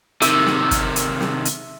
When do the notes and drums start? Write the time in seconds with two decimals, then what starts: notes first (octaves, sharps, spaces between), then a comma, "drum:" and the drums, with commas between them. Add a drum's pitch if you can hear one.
0.22 C3 D#3 E5, drum: hi-hat
0.46 drum: snare
0.71 drum: kick, hi-hat
0.96 drum: hi-hat
1.21 drum: snare
1.45 drum: hi-hat